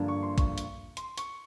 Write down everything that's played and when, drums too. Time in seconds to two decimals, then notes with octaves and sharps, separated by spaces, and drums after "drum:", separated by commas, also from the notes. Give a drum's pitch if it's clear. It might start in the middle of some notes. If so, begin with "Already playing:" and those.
Already playing: G2 D3 F3 A#3 D4
0.08 C#6
0.23 C6
0.38 C#6, drum: kick, hi-hat
0.58 drum: hi-hat
0.97 C6, drum: hi-hat
1.18 C#6, drum: hi-hat